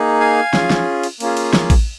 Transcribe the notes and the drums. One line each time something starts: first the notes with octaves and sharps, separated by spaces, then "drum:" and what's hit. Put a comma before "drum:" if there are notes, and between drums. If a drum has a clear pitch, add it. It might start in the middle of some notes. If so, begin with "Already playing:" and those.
Already playing: A#3 D#4 G#4
F5 G#5
C#4 F4 G#4, drum: snare
drum: snare
drum: cymbal
A#3 C#4 F4 G#4, drum: cymbal
drum: cymbal
drum: snare
drum: kick A1, cymbal